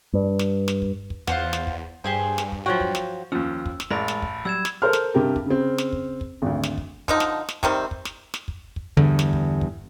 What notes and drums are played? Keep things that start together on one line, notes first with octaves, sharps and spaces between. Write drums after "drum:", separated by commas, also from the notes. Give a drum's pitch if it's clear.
G2
drum: snare
drum: snare
drum: kick
drum: kick
E2 F4 C5 F#5, drum: snare
drum: snare
drum: kick
G2 G4 G#4 C5
drum: snare
drum: kick
F3 F#3 F#4 G5
drum: kick
drum: snare
D#2 F3 C#4 E6
drum: kick
drum: snare
A1 G#3 A#4 D5 B5 A6
drum: snare
drum: kick
F#3 G3 E6 G#6 E7
drum: snare
A4 A#4 C5 C6 F6
drum: snare
G2 C3 G4 A#4
drum: kick
C#3 C4
drum: snare
drum: kick
drum: kick
G#1 D2
drum: snare
drum: kick
D3 F3 D#4, drum: kick
drum: snare
drum: snare
C3 D#3 G3 C4, drum: kick
drum: kick
drum: snare
drum: snare
drum: kick
drum: kick
E2 G2 D3
drum: snare
drum: kick
drum: kick